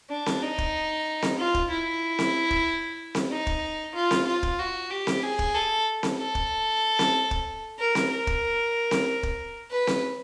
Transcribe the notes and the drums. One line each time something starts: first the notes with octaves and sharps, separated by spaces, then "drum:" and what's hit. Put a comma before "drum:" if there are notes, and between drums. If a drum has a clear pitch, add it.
D4
drum: snare C4
D#4
drum: kick
drum: snare C4
F4
drum: kick
E4
drum: snare C4
drum: kick
drum: snare C4
D#4
drum: kick
F4
drum: snare C4
F4
drum: kick
F#4
G4
drum: snare C4
G#4
drum: kick
A4
drum: snare C4
A4
drum: kick
drum: snare C4
drum: kick
A#4
drum: snare C4
A#4
drum: kick
drum: snare C4
drum: kick
B4
drum: snare C4